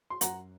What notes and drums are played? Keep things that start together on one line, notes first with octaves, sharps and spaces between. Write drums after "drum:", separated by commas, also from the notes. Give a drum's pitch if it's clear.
C6
F#2 F#5 A#5, drum: hi-hat